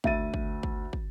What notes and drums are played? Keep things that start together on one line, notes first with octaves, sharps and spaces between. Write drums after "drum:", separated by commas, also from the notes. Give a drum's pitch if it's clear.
D2 E5 A6 D#7, drum: kick
drum: kick
drum: kick
drum: kick